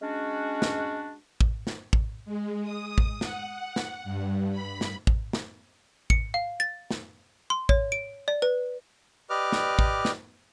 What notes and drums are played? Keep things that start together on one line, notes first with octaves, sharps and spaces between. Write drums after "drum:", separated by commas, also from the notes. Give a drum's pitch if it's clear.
G#3 C#4 D4 F#4
drum: snare
drum: kick
drum: snare
drum: kick
G#3
D#6
drum: kick
F#5, drum: snare
F#5
drum: snare
G2
B5
drum: snare
drum: kick
drum: snare
C#7, drum: kick
F5
A6
drum: snare
C6
C#5, drum: kick
D7
D5
B4
G4 B4 D5 D#5 D6 F6
drum: snare
drum: kick
drum: snare